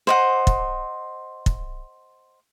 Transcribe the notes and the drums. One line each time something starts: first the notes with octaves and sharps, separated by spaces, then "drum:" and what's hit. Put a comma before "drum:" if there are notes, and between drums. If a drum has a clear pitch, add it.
C5 D#5 F#5
drum: kick
drum: kick